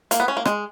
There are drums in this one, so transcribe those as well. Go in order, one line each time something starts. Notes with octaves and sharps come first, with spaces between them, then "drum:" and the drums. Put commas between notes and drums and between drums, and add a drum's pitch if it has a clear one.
A#3, drum: hi-hat
B3
C#4
A#3
G#3, drum: rim click